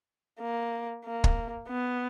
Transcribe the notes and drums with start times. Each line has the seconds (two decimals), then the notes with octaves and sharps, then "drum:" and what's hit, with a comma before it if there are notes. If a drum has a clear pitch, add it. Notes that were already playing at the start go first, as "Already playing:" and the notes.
0.40 A#3
1.05 A#3
1.24 drum: kick
1.68 B3